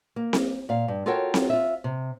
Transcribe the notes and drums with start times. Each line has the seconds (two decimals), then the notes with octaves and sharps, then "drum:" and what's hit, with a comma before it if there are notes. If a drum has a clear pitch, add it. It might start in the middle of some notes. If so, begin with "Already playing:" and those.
0.16 A#3
0.33 drum: snare C4
0.69 A#2 F5
0.88 G2
1.06 F4 F#4 A4 A#4 C#5 G5
1.34 drum: snare C4
1.50 F4 E5
1.84 C3